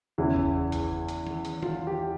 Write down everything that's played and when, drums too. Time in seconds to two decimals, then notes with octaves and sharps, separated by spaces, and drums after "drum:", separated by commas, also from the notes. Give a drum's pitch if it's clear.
0.18 E2 C#3 E3 E4
0.36 drum: kick F#1
0.72 drum: kick F#1, hi-hat
1.09 drum: hi-hat
1.27 drum: tom D#3
1.45 drum: hi-hat
1.62 F4, drum: tom D#3
1.87 G4